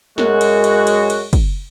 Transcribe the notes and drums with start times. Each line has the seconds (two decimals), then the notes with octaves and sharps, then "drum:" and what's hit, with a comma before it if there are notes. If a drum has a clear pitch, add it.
0.18 F#2 G#3 F#4, drum: snare
0.41 drum: cymbal
0.64 drum: cymbal
0.87 drum: cymbal
1.10 drum: cymbal
1.33 drum: kick, cymbal